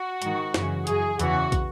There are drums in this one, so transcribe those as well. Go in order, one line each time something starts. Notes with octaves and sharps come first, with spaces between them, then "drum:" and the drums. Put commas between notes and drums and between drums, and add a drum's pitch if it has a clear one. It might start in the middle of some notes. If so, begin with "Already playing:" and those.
Already playing: F#4
G#2 D#3, drum: hi-hat
F#2 C#3 E3, drum: snare
F#2 E3 G#4, drum: hi-hat
E2 C#3 E3 F#4, drum: hi-hat
drum: kick, hi-hat